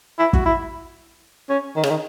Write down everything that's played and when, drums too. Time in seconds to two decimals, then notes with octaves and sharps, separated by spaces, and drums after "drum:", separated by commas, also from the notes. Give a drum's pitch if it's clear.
0.19 E4
0.33 F#4, drum: kick
0.45 E4
1.49 C#4
1.76 D#3
1.84 C#3, drum: rim click
1.90 D#3